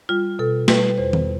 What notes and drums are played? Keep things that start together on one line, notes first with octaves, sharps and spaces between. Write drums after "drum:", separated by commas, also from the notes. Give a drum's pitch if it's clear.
G3 F4
B2 A4
G3 B4, drum: snare
E2 C5
drum: tom D#3